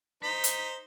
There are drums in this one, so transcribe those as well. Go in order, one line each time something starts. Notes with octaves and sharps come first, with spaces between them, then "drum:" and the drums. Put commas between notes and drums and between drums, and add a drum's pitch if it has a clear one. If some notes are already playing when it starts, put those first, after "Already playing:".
D#4 C5 B6
drum: hi-hat